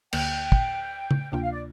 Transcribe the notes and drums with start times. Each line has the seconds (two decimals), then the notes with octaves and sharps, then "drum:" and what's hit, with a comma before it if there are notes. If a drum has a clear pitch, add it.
0.13 D2 D3 A#3 G5, drum: cymbal
0.52 drum: kick
1.11 drum: tom C#3
1.32 D2 C3 A#3 D4 F4 G5
1.42 F5
1.51 D5